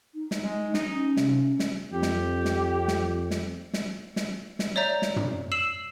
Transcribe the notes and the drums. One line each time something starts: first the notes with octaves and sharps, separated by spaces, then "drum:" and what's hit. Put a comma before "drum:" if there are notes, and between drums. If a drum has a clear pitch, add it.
D#4
drum: snare
G#3
D#4, drum: snare
C#4
C3, drum: snare
drum: snare
F2 G4
drum: snare
drum: snare
drum: snare
drum: snare
drum: snare
drum: snare
drum: snare
C#5 D5 E5 A#5 G6
drum: snare
drum: tom
E6 C7 E7 F#7